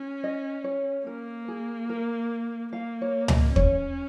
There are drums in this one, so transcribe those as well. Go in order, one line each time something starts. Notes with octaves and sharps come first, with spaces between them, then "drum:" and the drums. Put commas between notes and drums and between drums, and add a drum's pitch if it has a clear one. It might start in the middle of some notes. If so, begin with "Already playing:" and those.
Already playing: C#4
D#5
C#5
A#3 A#4
G#4
A#4
A#3 F5
C#5
D#5, drum: tom C#2
C#4 C#5, drum: kick